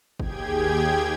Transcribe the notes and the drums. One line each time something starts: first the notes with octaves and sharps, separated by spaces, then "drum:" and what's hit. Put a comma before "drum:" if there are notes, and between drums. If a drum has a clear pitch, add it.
D#2 G4 G#4 G5 G#6, drum: kick G1